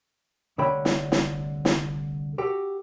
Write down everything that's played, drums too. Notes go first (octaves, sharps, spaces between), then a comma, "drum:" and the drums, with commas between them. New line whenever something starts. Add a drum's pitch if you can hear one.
C2 D3 A3 C#5 G5 B5
drum: snare
drum: snare
drum: snare
F#4 G4 A4